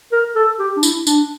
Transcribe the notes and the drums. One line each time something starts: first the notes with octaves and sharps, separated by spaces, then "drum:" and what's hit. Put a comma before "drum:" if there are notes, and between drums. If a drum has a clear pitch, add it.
A#4
A4
G4
D4
E4, drum: tambourine
D4, drum: tambourine